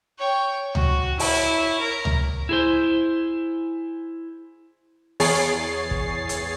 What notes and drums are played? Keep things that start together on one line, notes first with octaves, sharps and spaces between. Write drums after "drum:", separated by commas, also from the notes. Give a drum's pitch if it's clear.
C#5 G5
F#4, drum: tom C#2
E4 C#5, drum: open hi-hat
A#4 A#5
drum: tom C#2
E4 G#4 C5
E2 G#4 C#5 A6 C7, drum: open hi-hat
drum: kick
drum: hi-hat